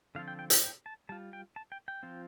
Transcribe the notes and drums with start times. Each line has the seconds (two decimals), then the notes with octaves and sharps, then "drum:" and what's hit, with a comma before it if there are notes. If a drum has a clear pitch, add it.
0.15 D3 F3 C4 F4 F5
0.28 G5
0.39 G5
0.50 G5, drum: hi-hat
0.63 G5
0.86 A5
1.09 G3 F4 A5
1.33 G5
1.56 A5
1.72 G5
1.88 G5
2.03 F3 C4 F4